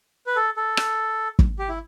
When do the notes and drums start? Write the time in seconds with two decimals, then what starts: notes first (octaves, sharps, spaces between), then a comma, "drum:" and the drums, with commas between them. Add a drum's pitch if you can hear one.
0.27 B4
0.36 A4
0.57 A4
0.77 drum: rim click
1.39 drum: kick
1.59 G4
1.69 E4